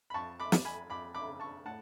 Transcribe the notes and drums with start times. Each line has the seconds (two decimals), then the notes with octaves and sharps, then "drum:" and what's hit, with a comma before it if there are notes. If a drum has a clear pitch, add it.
0.10 B5
0.14 F2 A5 C#6
0.40 B5 D6
0.52 F2, drum: snare
0.65 G#5 B5
0.90 F2 B5 D6
1.15 B5 D6
1.28 C#3
1.40 A5 C#6
1.65 A2 F#5 A5